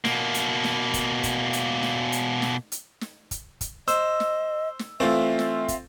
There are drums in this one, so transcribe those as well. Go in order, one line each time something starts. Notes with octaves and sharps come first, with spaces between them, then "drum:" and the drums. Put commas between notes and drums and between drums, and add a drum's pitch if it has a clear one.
B2 A#3, drum: snare
drum: hi-hat
drum: snare
drum: kick, hi-hat
drum: kick, hi-hat
drum: hi-hat
drum: snare
drum: hi-hat
drum: snare
drum: hi-hat
drum: snare
drum: kick, hi-hat
drum: kick, hi-hat
C5 D#5 E6, drum: hi-hat
drum: snare
drum: snare
E3 A3 C4 F4 D5 E5
drum: snare
drum: kick, hi-hat